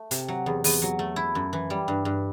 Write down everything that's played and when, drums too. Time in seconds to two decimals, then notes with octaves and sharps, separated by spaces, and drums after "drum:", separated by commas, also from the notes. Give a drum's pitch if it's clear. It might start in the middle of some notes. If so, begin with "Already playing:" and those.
Already playing: A3
0.11 C3, drum: hi-hat
0.28 F#3
0.46 E2
0.64 E2, drum: open hi-hat
0.82 F#3
0.99 A3
1.16 E4
1.35 F#2
1.53 E3
1.70 G3
1.88 G2
2.05 G2